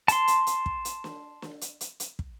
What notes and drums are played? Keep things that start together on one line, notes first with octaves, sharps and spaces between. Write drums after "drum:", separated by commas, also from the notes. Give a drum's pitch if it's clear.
A5 C6, drum: hi-hat
drum: hi-hat
drum: hi-hat
drum: kick
drum: hi-hat
drum: snare
drum: snare
drum: hi-hat
drum: hi-hat
drum: hi-hat
drum: kick